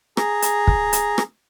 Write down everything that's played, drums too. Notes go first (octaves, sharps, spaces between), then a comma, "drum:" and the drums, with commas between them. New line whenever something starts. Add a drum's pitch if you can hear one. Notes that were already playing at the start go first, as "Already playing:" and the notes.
G#4 A#5, drum: rim click
drum: hi-hat
drum: kick
drum: hi-hat
drum: rim click